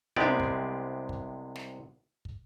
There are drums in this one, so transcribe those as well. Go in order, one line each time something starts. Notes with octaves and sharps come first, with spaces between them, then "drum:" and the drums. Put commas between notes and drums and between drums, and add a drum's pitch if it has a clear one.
C2 C3 G#3 B3 G4 D5, drum: tom
drum: kick
drum: kick
drum: snare
drum: kick